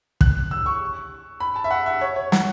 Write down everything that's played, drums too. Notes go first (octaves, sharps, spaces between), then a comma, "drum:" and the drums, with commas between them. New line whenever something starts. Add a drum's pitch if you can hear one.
F#6, drum: kick
E6
C#6
B5
A5
E5
F#5
E5
C#5
C#5
F#5, drum: snare